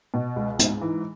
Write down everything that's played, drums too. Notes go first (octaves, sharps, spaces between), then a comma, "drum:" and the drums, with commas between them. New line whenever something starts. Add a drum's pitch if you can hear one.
B2
C#2
G#2, drum: hi-hat
E3